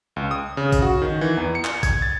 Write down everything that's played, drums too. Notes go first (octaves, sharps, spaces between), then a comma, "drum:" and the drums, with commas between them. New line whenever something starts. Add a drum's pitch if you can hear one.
C#2
D#6
C#3
drum: kick A1, tambourine
F#4
D#3
E3
E2
C#7
drum: clap
G#6, drum: kick A1, tambourine
A6